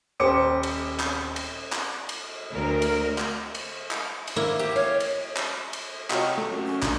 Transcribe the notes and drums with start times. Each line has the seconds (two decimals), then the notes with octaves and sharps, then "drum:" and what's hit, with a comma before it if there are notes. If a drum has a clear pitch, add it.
0.20 D#1 G4 C5 D6 C#7
0.63 drum: cymbal
1.00 drum: clap
1.36 drum: cymbal
1.72 drum: clap
2.09 drum: cymbal
2.52 D2 A#4
2.82 drum: cymbal
3.18 drum: clap
3.55 drum: cymbal
3.91 drum: clap
4.27 drum: cymbal
4.36 A#3 E4
4.59 G4
4.76 C#5 F5
5.00 drum: cymbal
5.37 drum: clap
5.73 drum: cymbal
6.10 C3 F4 F#4 C#5 D#5, drum: clap
6.38 A3 G4
6.50 F#2
6.64 C#4
6.83 A#1 B2 A3 D#4, drum: clap